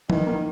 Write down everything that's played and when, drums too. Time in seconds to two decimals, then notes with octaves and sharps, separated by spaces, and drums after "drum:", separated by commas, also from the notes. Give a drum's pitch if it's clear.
0.10 D#3 E3, drum: tom F3
0.27 A#3